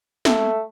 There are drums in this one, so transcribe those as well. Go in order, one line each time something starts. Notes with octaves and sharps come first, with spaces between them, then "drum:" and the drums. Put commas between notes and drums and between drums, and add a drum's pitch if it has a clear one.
A3, drum: snare